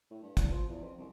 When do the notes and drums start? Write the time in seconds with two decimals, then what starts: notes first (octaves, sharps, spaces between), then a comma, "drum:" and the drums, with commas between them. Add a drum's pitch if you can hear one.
0.10 A2
0.23 G2
0.37 E2, drum: kick, hi-hat
0.52 F3
0.69 E2
0.83 F2
0.98 C2